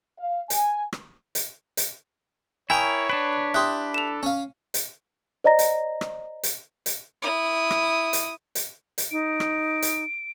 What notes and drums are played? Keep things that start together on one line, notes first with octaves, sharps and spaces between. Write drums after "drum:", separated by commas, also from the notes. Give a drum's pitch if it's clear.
F5
G#5, drum: hi-hat
drum: rim click
drum: hi-hat
drum: hi-hat
E4 A#4 C#5 G5 G#5 C#6 D#6
D4 B4 D7 E7
E4 G4 C6 D#6 F#6
A4 E7 F7
C#4 F5
drum: hi-hat
C5 D5 D#5 A#5 A#6
drum: hi-hat
drum: rim click
drum: hi-hat
drum: hi-hat
E4 D#6
drum: rim click
drum: hi-hat
drum: hi-hat
drum: hi-hat
D#4 D7
drum: rim click
drum: hi-hat